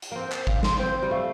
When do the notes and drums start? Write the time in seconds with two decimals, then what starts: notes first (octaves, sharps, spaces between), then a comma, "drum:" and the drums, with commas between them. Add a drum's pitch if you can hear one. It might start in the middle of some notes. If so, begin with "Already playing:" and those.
0.02 drum: hi-hat
0.12 A#3 C4 C5
0.32 C5, drum: clap
0.47 F5, drum: kick G#1
0.63 C6, drum: snare
0.79 C4 C5
0.95 C5
1.03 G3
1.11 A3 F5